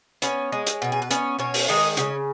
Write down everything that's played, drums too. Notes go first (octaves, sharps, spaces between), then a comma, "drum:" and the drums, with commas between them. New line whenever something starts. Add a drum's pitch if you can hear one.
B3 C#4 C#5, drum: hi-hat
G#3
drum: hi-hat
B2 F#4
G#4
B4
B3 C#4 C#5, drum: hi-hat
B2 C#4 C#5
drum: open hi-hat
D#3 G#3 D#4
C#3 C#4, drum: hi-hat